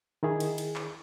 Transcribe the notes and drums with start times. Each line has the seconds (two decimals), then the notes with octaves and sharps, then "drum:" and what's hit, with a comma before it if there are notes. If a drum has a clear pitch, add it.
0.23 D#3 E4 G#4
0.40 drum: cymbal
0.58 drum: cymbal
0.76 drum: clap